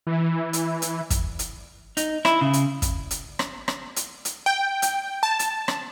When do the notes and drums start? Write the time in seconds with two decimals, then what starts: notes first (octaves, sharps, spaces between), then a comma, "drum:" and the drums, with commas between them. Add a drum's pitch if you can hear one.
0.07 E3
0.53 drum: hi-hat
0.82 drum: hi-hat
1.10 drum: kick, hi-hat
1.39 drum: hi-hat
1.97 D#4, drum: hi-hat
2.25 E4, drum: rim click
2.41 C#3
2.53 drum: hi-hat
2.82 drum: kick, hi-hat
3.11 drum: hi-hat
3.39 drum: rim click
3.68 drum: rim click
3.96 drum: hi-hat
4.25 drum: hi-hat
4.46 G5
4.82 drum: hi-hat
5.23 A5
5.39 drum: hi-hat
5.68 drum: rim click